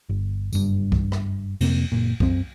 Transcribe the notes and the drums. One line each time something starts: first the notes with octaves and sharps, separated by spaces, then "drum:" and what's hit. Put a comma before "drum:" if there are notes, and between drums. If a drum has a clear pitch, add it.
G1
F#1 G2, drum: tambourine
drum: kick C2
drum: rim click
F2 C3 A#3 C4, drum: cymbal
F#1 A#2
F#2 C4, drum: kick C2